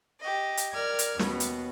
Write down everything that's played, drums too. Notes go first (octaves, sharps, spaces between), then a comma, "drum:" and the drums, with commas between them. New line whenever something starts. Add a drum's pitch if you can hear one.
G4 D#5
drum: hi-hat
A#4 D5 F6 G#6
drum: hi-hat
D#2 B2 B3, drum: snare
drum: hi-hat